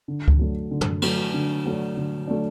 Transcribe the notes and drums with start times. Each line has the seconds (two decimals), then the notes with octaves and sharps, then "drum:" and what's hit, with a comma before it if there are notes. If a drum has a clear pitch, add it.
0.08 D3
0.28 drum: kick C#2
0.39 F#3 A3 D4
0.71 D3
0.81 drum: tom
1.02 F#3 A3 D4, drum: cymbal
1.34 D3
1.65 F#3 A3 D4
1.97 D3
2.27 F#3 A3 D4